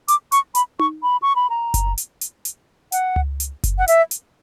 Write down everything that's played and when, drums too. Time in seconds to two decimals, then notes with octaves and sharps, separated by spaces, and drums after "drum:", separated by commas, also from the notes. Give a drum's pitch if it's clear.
0.08 D6, drum: hi-hat
0.32 C#6, drum: hi-hat
0.55 B5, drum: hi-hat
0.79 C#6, drum: tom D#4
1.03 B5
1.22 C#6
1.36 B5
1.50 A#5
1.74 drum: kick F#1, hi-hat
1.98 drum: hi-hat
2.21 drum: hi-hat
2.45 drum: hi-hat
2.92 F#5, drum: hi-hat
3.16 drum: tom C#2
3.40 drum: hi-hat
3.64 drum: kick F#1, hi-hat
3.78 F#5
3.88 E5, drum: hi-hat
4.11 drum: hi-hat